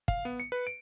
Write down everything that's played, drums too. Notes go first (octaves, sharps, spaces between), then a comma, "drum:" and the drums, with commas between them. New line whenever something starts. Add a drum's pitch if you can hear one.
F5, drum: kick
B3
C#7
B4
D7